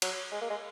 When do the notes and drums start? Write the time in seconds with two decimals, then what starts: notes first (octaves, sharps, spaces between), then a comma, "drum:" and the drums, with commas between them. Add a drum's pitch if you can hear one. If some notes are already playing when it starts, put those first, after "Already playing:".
0.02 F#3, drum: cymbal
0.32 G#3
0.41 A#3
0.50 G#3